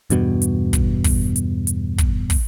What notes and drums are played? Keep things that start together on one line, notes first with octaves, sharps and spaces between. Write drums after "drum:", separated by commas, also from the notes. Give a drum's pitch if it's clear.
E2 G2 B2, drum: hi-hat
drum: hi-hat
drum: kick, hi-hat
drum: kick, open hi-hat
drum: hi-hat
drum: hi-hat
drum: kick, hi-hat
drum: kick, open hi-hat